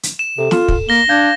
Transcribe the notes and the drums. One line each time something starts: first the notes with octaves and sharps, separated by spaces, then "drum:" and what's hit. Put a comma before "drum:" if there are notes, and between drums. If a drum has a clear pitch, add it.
drum: hi-hat
E7
C3 A4
F4, drum: snare
drum: kick
A#3 A#6 G7
D4 F5 G6 G#6